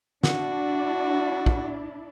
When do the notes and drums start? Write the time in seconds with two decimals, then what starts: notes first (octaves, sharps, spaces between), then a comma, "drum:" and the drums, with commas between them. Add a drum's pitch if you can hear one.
0.24 D4 E4 F#4, drum: snare
1.46 drum: kick